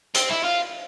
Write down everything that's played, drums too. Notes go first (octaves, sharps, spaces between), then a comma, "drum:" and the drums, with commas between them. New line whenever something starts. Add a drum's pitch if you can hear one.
C4, drum: hi-hat
E4
F4